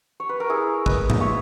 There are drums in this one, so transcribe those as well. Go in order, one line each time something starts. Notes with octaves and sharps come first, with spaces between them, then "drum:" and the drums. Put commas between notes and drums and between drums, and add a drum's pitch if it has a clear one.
C#5
B4
A#4
E4 G#4
B4 D#5, drum: kick
drum: tom G#2
C#5 E5